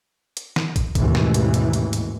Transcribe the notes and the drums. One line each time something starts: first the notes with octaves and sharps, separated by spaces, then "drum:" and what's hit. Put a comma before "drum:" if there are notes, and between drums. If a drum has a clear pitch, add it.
drum: hi-hat
drum: snare
drum: kick, hi-hat
A1 D#2 G#2 B2 E3, drum: kick, hi-hat
drum: snare
drum: hi-hat
drum: hi-hat
drum: hi-hat
drum: hi-hat